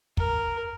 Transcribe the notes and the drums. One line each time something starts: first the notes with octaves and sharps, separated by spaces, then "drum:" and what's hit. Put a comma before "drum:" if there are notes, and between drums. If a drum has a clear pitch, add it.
A#4, drum: kick